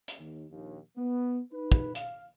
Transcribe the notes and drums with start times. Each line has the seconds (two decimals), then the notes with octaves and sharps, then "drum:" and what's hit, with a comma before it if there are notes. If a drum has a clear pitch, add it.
0.08 drum: hi-hat
0.19 D#2
0.51 A#1 D#2
0.97 B3
1.53 D#4 B4
1.72 drum: kick
1.95 F5, drum: hi-hat